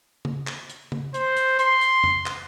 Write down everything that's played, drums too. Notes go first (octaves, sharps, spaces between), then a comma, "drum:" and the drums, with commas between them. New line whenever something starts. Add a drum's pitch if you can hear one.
drum: tom C#3
drum: clap
drum: hi-hat
drum: tom C#3
C5, drum: hi-hat
drum: hi-hat
C6, drum: hi-hat
drum: hi-hat
drum: tom F2
drum: clap